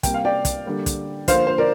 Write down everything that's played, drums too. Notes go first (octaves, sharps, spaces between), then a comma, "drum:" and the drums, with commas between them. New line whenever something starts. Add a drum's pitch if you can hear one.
C3 G3 A#3 G5, drum: kick, hi-hat
F5
D5 G5
drum: kick, hi-hat
D3 G3 A#3
drum: kick, hi-hat
D3 F3 A#3 C5 F5, drum: kick, hi-hat
C5
A#4 D5